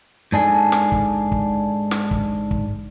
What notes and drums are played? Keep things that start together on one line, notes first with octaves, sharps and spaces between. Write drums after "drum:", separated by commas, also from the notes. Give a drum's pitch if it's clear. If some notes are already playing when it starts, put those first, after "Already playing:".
G#2 D4 G#4 A4
drum: snare
drum: kick
drum: kick
drum: snare
drum: kick
drum: kick